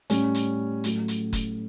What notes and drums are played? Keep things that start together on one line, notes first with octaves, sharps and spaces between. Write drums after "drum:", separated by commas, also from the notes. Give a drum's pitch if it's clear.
A2 G3 C#4, drum: hi-hat
drum: hi-hat
A2 F#3 A3, drum: hi-hat
drum: hi-hat
drum: kick F#1, hi-hat